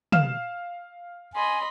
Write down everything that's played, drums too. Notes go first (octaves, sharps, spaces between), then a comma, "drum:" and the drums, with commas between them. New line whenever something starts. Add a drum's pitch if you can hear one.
F5 F6 E7, drum: tom
D#5 G#5 B5 C6